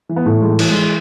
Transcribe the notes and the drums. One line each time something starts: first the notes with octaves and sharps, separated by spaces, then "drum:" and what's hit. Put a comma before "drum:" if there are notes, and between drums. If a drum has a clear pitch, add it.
E3
B3
A2 A3
E3 G#3
A3
E3, drum: cymbal
G#3
E3